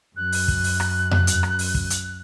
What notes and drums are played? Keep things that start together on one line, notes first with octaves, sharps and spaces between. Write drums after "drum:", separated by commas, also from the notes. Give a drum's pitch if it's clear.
F#2 F#6
drum: open hi-hat
drum: kick
drum: open hi-hat
drum: rim click
drum: tom F2
drum: hi-hat
drum: rim click
drum: open hi-hat
drum: kick
drum: hi-hat